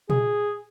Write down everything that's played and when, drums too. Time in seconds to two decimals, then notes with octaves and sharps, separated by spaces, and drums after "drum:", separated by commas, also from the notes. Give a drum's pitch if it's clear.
0.10 G#4, drum: tom A#2